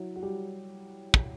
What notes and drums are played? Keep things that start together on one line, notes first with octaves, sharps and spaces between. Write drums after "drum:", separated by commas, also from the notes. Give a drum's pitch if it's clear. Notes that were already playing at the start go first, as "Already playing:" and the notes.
Already playing: F#3 E4 F#4
F#4
G3 G4
drum: kick